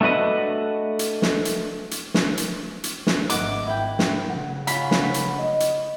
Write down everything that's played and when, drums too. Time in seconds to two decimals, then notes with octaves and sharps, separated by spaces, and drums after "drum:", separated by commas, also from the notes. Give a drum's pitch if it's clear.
0.01 A3 D4 F#4 B4 D#5
0.99 drum: hi-hat
1.22 drum: snare
1.45 drum: hi-hat
1.91 drum: hi-hat
2.14 drum: snare
2.37 drum: hi-hat
2.84 drum: hi-hat
3.07 drum: snare
3.30 G#1 D#5 E5 F#5 D6, drum: hi-hat
3.67 E4 G5
3.99 drum: snare
4.29 C#3 F#5
4.67 F4 G#4 C#5 B5, drum: hi-hat
4.91 drum: snare
5.14 drum: hi-hat
5.38 D#5
5.60 drum: hi-hat